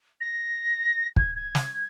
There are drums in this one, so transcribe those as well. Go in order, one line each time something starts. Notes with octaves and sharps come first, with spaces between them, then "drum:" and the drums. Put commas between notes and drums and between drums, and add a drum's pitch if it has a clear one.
A#6
G#6, drum: kick
G#6
drum: snare